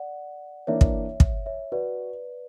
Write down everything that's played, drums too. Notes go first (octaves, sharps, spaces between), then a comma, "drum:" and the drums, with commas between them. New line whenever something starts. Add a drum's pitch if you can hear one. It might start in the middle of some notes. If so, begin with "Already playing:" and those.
Already playing: D5 F#5
E3 A#3 D4 C#5 E5
drum: kick
drum: kick
C#5 E5
F#4 B4 D5